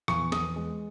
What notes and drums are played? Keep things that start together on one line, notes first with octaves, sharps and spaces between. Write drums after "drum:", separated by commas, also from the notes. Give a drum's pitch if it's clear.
E2 C#6, drum: rim click
E2 D#6, drum: snare
G#3